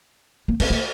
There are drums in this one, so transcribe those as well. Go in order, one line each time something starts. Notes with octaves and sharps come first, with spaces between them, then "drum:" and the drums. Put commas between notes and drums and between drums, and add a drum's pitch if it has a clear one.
A#3
C4, drum: cymbal
A#3